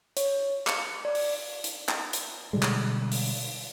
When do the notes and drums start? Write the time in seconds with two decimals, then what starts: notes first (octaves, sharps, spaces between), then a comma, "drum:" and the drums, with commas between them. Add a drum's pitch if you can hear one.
0.17 C#5, drum: hi-hat
0.67 C#7, drum: clap
1.05 D5
1.15 drum: open hi-hat
1.64 drum: hi-hat
1.89 drum: clap
2.13 drum: hi-hat
2.53 B2 D3 G3 G#3
2.62 drum: clap
3.12 drum: open hi-hat